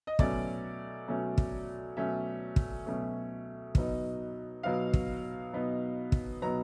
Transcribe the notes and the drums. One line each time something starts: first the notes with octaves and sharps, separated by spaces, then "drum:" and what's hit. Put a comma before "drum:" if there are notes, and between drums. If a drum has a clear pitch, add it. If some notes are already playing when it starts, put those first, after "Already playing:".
D#5
B2 F#3 A3 C#4 D5, drum: kick
B2 F#3 A3 C#4
drum: kick
B2 F#3 A3 C#4 E5
drum: kick
B2 F#3 A3 C#4
B2 F#3 B3 D#4, drum: kick
B2 F#3 B3 D#4 F5
drum: kick
B2 F#3 B3 D#4
drum: kick
B2 F#3 B3 D#4 A#5